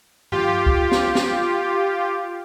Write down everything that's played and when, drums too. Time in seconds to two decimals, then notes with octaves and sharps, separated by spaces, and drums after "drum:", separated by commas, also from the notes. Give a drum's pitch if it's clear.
0.32 F4 G4, drum: tom G2
0.66 drum: kick
0.92 drum: snare
1.15 drum: snare